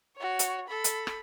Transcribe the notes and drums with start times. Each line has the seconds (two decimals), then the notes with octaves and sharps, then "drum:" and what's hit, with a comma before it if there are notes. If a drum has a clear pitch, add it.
0.17 F#4 C#5
0.39 drum: hi-hat
0.68 A4 B5
0.84 drum: hi-hat
1.07 drum: rim click